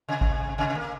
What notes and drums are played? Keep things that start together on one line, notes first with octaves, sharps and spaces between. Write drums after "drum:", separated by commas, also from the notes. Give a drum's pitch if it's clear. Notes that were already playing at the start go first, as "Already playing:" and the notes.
C3
drum: kick G#1
C3
A#3